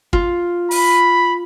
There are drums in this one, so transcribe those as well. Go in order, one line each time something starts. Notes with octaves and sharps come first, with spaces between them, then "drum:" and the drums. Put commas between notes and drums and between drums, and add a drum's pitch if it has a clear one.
F4, drum: kick
B5, drum: open hi-hat